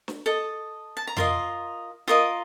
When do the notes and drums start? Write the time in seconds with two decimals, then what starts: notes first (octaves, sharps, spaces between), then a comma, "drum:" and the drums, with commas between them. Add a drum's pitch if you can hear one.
0.08 drum: snare
0.26 A4 D#5
0.97 A5
1.07 A#5
1.17 F4 A#4 D#5 C6, drum: tom F2
2.08 F4 A#4 D#5 D#6